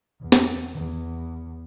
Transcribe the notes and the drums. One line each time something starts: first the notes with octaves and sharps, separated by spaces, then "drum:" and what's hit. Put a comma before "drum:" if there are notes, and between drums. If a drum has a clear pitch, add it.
E2
drum: snare
E2